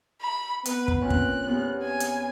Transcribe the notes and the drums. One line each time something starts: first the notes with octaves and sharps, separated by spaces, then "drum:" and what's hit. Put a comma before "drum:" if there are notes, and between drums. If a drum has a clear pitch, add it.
B5
B3 B4, drum: hi-hat
drum: kick
A#2 C4 C#4 F#6
drum: kick
E2 B3 G4
G#5
drum: hi-hat